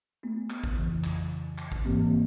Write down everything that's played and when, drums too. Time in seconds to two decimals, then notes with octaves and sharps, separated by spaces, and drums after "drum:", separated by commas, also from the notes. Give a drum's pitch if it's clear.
0.23 A3 B3
0.50 drum: clap
0.64 drum: kick A1
0.77 F2 C#3 E3
1.04 drum: clap
1.58 drum: clap
1.72 drum: kick A1
1.85 G#2 E3 A#3 C4